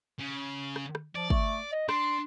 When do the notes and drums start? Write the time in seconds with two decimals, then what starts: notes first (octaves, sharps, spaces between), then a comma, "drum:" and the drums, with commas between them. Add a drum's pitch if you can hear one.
0.19 C#3
0.76 drum: rim click
0.95 drum: rim click
1.15 F3 D5
1.30 A3, drum: kick
1.72 D#5
1.89 D4 C6, drum: rim click